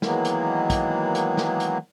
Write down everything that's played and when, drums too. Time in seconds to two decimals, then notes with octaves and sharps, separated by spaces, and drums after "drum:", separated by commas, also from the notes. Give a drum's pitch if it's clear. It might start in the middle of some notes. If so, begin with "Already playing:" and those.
0.02 D#3 E3 F#3 G#3 A#3 B3, drum: snare
0.25 drum: hi-hat
0.70 drum: kick, hi-hat
1.15 drum: hi-hat
1.37 drum: snare
1.60 drum: hi-hat